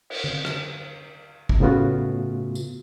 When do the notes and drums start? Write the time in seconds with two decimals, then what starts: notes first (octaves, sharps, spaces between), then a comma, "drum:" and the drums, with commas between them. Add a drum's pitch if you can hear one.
0.10 drum: cymbal
0.24 drum: tom D3
0.45 drum: rim click
1.49 drum: kick
1.60 A2 C#3 A3 B3 F4 F#4
2.55 drum: tambourine